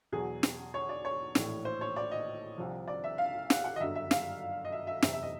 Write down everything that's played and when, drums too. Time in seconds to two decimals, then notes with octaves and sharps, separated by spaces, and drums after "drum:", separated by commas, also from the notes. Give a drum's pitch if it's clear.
0.12 E2 B2 F#3 G#4
0.43 drum: snare
0.74 C#5
0.89 D5
1.05 C#5
1.35 A#1 A2 E3, drum: snare
1.65 C5
1.81 C#5
1.96 D5
2.11 D#5
2.58 C2 C3 F3
2.88 D5
3.04 E5
3.18 F5
3.50 F#5, drum: snare
3.64 F#5
3.76 D#5
3.80 G1 F#2 D3 F#3 E5
3.95 E5
4.11 F5, drum: snare
4.64 D#5
4.72 E5
4.87 E5
5.02 F#1 E2 C3 E5, drum: snare
5.13 E5
5.22 D#5